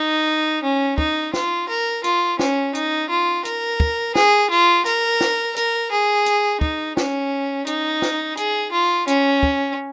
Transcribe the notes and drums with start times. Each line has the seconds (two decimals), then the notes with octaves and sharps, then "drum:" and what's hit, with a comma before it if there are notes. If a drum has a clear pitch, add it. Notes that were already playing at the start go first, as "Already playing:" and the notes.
Already playing: D#4
0.63 C#4
0.98 D#4, drum: kick
1.34 F4, drum: snare
1.69 A#4
2.04 F4, drum: hi-hat
2.39 C#4, drum: snare
2.75 D#4, drum: hi-hat
3.10 F4
3.45 A#4, drum: hi-hat
3.80 drum: kick
4.15 G#4, drum: snare
4.50 F4
4.86 A#4, drum: hi-hat
5.21 drum: snare
5.56 A#4, drum: hi-hat
5.92 G#4
6.26 drum: hi-hat
6.61 D#4, drum: kick
6.97 C#4, drum: snare
7.67 D#4, drum: hi-hat
8.02 drum: snare
8.37 G#4, drum: hi-hat
8.72 F4
9.08 C#4, drum: hi-hat
9.43 drum: kick